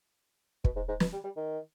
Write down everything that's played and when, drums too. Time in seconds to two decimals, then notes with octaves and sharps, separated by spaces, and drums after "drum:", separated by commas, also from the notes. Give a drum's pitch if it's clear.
0.64 B2, drum: kick
0.76 G#2
0.88 G#2
1.00 B2, drum: snare
1.13 G3
1.24 G3
1.37 D#3